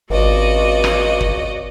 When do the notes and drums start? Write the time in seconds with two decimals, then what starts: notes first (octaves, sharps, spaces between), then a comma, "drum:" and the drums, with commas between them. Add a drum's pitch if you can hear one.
0.10 G#1 C#2 F#4 D5 D#5
0.84 drum: rim click
1.21 drum: kick